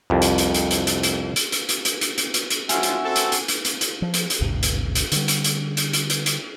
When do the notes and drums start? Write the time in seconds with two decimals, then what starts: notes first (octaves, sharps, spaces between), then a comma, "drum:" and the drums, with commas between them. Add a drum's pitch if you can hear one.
0.10 C2 F2
0.22 drum: hi-hat
0.38 drum: hi-hat
0.54 drum: hi-hat
0.71 drum: hi-hat
0.87 drum: hi-hat
1.03 drum: hi-hat
1.36 drum: hi-hat
1.52 drum: hi-hat
1.69 drum: hi-hat
1.85 drum: hi-hat
2.01 drum: hi-hat
2.18 drum: hi-hat
2.34 drum: hi-hat
2.50 drum: hi-hat
2.69 F3 F#3 F4 F#4 E5 G#5, drum: hi-hat
2.83 drum: hi-hat
3.04 C4 A4
3.16 drum: hi-hat
3.32 drum: hi-hat
3.48 drum: hi-hat
3.65 drum: hi-hat
3.81 drum: hi-hat
4.02 F3
4.14 drum: hi-hat
4.30 drum: hi-hat
4.41 G#1 D2 G2 C3
4.63 drum: hi-hat
4.95 drum: hi-hat
5.12 D3 G3, drum: hi-hat
5.28 drum: hi-hat
5.44 drum: hi-hat
5.77 drum: hi-hat
5.93 drum: hi-hat
6.10 drum: hi-hat
6.26 drum: hi-hat